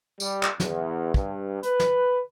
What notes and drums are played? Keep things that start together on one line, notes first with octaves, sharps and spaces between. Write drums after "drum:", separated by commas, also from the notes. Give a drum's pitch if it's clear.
G3, drum: tambourine
drum: clap
E2, drum: snare
G2, drum: kick
B4, drum: hi-hat
drum: snare